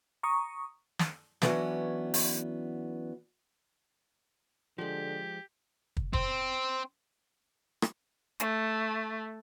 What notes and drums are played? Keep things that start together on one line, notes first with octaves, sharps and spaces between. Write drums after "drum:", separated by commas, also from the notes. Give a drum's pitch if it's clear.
A#5 C#6 D#6
drum: snare
E3 F#3 A3 B3 C#4 D4, drum: snare
drum: open hi-hat
D3 F3 G#3 G4
drum: kick
C4, drum: kick
drum: rim click
A3, drum: hi-hat